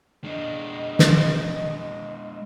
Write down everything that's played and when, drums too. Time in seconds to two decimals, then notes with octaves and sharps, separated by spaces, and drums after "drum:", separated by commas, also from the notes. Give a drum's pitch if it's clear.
0.24 G#3 D4 D#5
0.99 drum: snare